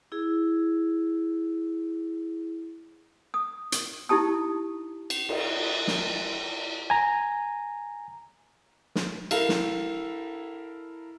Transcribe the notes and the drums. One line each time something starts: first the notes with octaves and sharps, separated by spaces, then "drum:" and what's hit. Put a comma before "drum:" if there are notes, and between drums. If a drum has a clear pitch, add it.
E4 G#4
D#6
drum: hi-hat
D#4 E4 G4 A5 D#6
drum: cymbal
drum: cymbal
drum: snare
G#5 A#5
drum: snare
E4 A4 A#4 F5, drum: cymbal
drum: snare